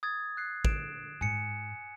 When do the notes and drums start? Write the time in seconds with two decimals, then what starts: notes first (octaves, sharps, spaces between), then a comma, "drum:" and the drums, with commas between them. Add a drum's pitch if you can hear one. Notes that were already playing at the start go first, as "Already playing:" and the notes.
0.03 D#6 G#6 A6
0.37 F#6 C7
0.65 D3 D4 D7 E7, drum: kick
1.21 G#2 G#5 C#7